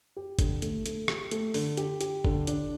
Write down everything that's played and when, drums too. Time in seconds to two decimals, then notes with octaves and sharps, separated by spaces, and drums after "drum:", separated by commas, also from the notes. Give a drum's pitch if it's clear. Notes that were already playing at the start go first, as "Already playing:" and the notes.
0.16 G4
0.39 D3, drum: kick, hi-hat
0.62 A3, drum: hi-hat
0.86 A3, drum: hi-hat
1.08 G4, drum: rim click
1.31 A3, drum: hi-hat
1.54 D3, drum: open hi-hat
1.77 G4, drum: hi-hat
2.01 G4, drum: hi-hat
2.25 D3, drum: kick
2.47 D4, drum: hi-hat